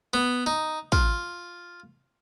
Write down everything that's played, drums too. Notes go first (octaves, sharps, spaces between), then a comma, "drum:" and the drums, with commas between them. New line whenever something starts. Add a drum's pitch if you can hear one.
B3
D#4
F4, drum: kick